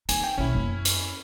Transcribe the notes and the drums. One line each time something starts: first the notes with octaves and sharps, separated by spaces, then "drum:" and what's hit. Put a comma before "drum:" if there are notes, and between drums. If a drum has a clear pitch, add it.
D#4 G#5, drum: hi-hat
G5
B1 B2 C#4 E4
F#2 B3
drum: hi-hat